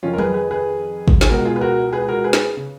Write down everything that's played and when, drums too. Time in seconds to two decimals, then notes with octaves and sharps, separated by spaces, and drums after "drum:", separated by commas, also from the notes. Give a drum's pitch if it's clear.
0.03 F2 D#3 C#4 F4
0.13 A#4
0.18 G#4 B4, drum: tom
0.34 G#4 B4
0.51 G#4 B4
1.08 drum: kick
1.21 G#4, drum: snare
1.29 C#2 B2 F#4 A#4
1.45 F4 G#4
1.56 B4
1.61 F#4 A#4
1.93 G#4 B4
2.09 F#4 A#4
2.24 G#4 B4
2.33 drum: snare
2.57 C#3